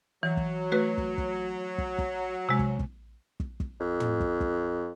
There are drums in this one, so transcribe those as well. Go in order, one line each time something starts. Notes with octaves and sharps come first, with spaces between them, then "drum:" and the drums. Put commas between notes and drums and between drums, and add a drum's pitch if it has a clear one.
E3 F#3
drum: kick
A3 F#4 B4
drum: kick
drum: kick
drum: kick
drum: kick
C3 G#3
drum: kick
drum: kick
drum: kick
drum: kick
F2
drum: tom
drum: kick
drum: kick